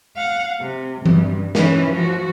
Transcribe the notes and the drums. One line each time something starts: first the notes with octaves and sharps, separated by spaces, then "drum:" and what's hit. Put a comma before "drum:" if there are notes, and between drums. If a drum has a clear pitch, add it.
F5 F#5
C3
G2, drum: tom E3
E3 C#4, drum: snare
F3 F#4